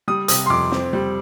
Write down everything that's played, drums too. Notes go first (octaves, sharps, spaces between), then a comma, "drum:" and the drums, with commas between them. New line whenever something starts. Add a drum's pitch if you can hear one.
G3 D#6
C3 D#6, drum: hi-hat
C6
F2 D6
C4, drum: snare
G3